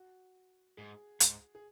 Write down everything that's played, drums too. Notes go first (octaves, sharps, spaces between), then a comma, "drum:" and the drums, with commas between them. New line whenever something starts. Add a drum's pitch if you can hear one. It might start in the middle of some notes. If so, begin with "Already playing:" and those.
Already playing: F#4
G#2 G#4
G#2, drum: hi-hat
G#4